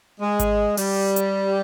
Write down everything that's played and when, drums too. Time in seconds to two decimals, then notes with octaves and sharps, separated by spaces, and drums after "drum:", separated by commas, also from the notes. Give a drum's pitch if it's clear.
0.21 G#3
0.40 drum: kick G#1, hi-hat
0.77 G3, drum: open hi-hat
1.16 drum: hi-hat